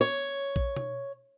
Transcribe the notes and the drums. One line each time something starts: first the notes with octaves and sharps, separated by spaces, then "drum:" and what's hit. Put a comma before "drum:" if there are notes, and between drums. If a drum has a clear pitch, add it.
C#5
drum: kick A#1
drum: tom B2